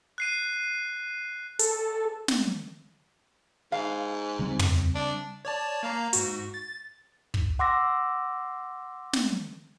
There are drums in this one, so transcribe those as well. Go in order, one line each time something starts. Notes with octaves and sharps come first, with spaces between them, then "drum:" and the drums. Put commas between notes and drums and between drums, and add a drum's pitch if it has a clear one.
F#6 C7 D#7
A4, drum: hi-hat
drum: snare
G#2 F5
C#3 G3 C4
drum: tom
D4
C#5 D5 A5
A#3 F5 A#5
G#2 F#4, drum: hi-hat
A6
drum: kick
F#5 C6 D6 E6 A#6
drum: snare